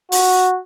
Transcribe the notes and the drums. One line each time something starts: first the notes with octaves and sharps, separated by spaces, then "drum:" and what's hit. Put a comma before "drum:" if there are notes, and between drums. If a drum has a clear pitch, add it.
F#4, drum: open hi-hat